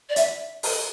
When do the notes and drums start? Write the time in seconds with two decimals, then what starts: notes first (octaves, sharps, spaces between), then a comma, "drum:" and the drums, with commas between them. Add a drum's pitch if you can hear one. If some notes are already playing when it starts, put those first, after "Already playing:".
0.09 D5
0.16 E5, drum: hi-hat
0.63 drum: open hi-hat